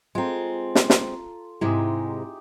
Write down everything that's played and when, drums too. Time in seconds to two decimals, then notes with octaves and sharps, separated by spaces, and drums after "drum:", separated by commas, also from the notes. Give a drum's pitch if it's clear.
0.15 G#3 C4 F4 A4 A#5
0.75 drum: snare
0.90 drum: snare
1.61 G#2 C3 G#3 D#4 E4 G4 G#4